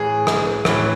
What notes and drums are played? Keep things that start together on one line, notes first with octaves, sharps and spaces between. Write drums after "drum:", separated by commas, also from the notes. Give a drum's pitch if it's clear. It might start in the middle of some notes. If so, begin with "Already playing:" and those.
Already playing: A2 E3 G#4
drum: rim click
A2 E3, drum: rim click